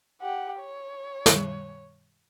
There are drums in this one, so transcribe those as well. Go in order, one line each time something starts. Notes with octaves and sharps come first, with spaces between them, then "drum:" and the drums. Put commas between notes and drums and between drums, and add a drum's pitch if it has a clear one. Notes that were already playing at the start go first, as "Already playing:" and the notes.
G4 F#5
C#5
drum: snare